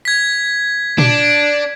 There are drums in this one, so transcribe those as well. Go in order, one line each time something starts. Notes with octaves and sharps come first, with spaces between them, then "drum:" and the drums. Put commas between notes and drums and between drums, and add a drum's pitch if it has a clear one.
G#6 B6
D4, drum: tom A#2